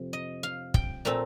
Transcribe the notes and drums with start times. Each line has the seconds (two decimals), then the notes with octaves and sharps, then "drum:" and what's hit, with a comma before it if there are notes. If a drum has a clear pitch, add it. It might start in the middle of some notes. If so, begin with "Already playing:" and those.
Already playing: F2 C3
0.13 D#5
0.43 F5
0.74 G5, drum: kick
1.05 A#2 A3 C4 A#5